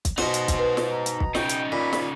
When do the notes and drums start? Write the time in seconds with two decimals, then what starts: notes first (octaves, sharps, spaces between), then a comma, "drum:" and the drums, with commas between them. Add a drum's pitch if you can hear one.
0.05 drum: kick, hi-hat
0.18 B2 D#4 C5 F#5, drum: snare
0.34 drum: hi-hat
0.48 drum: kick, hi-hat
0.59 B4
0.77 drum: snare
0.91 A#5
1.06 drum: hi-hat
1.20 drum: kick
1.35 C#3 D#4 G5, drum: snare
1.49 drum: hi-hat
1.72 A#2 B5
1.93 drum: snare